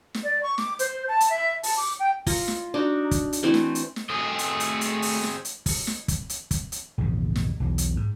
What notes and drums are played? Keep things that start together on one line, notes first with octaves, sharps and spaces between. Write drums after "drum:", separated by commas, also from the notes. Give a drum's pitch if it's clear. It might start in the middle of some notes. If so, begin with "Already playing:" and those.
drum: snare
D5
C#6
D6, drum: snare
C5, drum: hi-hat
A5
drum: hi-hat
E5
A5, drum: open hi-hat
D6
G5
F4 A#5, drum: kick, open hi-hat
drum: snare
D4 D#4 F#4
drum: kick, hi-hat
drum: hi-hat
E3 A3 C4 B4
drum: snare
drum: hi-hat
drum: snare
A3 C4 G#4 D#5
drum: hi-hat
drum: hi-hat
drum: hi-hat
drum: open hi-hat
drum: snare
drum: hi-hat
drum: kick, open hi-hat
drum: snare
drum: kick, hi-hat
drum: hi-hat
drum: kick, hi-hat
drum: hi-hat
A#1 E2 G#2 C#3
drum: snare
B1 E2
drum: hi-hat
G#2